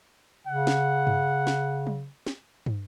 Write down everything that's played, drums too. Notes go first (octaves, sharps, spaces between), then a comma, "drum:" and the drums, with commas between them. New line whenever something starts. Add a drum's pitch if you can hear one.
C#3 F#5
drum: snare
drum: tom G2
drum: snare
drum: tom F#3
drum: snare
drum: tom